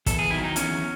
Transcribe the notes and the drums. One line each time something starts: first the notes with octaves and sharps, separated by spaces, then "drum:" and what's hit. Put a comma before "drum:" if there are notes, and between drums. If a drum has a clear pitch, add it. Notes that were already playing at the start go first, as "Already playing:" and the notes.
E2 A4, drum: kick, hi-hat
G#4
D#3 F#3 E4
D#4
E2 C#4, drum: hi-hat